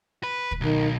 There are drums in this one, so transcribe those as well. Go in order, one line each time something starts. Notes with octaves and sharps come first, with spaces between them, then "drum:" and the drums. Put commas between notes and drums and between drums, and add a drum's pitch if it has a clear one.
B4
drum: kick
B1 D#3